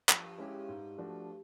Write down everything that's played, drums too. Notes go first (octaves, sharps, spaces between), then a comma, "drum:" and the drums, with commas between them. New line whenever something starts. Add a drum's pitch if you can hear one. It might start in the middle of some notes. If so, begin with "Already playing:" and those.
G2 F3, drum: clap
G#3 C#4 E4 G4
G#2
F3 A3 D4 F#4